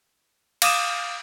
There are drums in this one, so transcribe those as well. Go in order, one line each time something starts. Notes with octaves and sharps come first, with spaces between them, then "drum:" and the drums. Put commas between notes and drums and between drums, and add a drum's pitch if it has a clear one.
F5 D6 D#6 D#7 E7, drum: cymbal